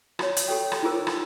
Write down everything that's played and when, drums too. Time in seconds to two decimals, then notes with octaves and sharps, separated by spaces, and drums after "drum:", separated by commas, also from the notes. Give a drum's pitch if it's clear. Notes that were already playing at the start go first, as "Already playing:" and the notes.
0.19 F#4 C#5, drum: rim click
0.37 drum: hi-hat
0.48 F#4 G4 A4 C#5 G5
0.72 drum: rim click
0.83 D#4 F4 G4 G#4 A#4 C5
1.07 drum: rim click